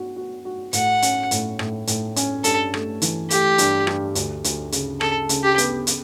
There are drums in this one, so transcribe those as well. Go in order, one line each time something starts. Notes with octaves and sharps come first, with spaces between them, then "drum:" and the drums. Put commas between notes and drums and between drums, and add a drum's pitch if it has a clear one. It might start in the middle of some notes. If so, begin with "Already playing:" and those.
Already playing: B3 F#4
F#4
F#4
A2 F#5, drum: hi-hat
C#4, drum: hi-hat
A2, drum: hi-hat
A2, drum: rim click
A2, drum: hi-hat
C#4, drum: hi-hat
G2 A4, drum: hi-hat
A3, drum: rim click
E3, drum: hi-hat
A3 G4, drum: hi-hat
G2, drum: hi-hat
G2, drum: rim click
D2, drum: hi-hat
D2, drum: hi-hat
C#3, drum: hi-hat
C#3 A4, drum: rim click
C#3, drum: hi-hat
G4
B3, drum: hi-hat
C#3, drum: hi-hat